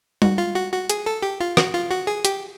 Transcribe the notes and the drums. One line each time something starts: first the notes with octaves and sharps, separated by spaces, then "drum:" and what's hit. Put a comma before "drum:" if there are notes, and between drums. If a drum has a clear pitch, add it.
F#4, drum: tom G3
F4
F#4
F#4
G#4, drum: hi-hat
A4
G4
F4
F#4, drum: rim click
F4
F#4
G#4
G4, drum: hi-hat